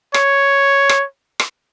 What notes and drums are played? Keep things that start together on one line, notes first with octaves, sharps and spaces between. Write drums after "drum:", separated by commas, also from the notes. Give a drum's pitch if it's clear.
C#5, drum: rim click
drum: rim click
drum: rim click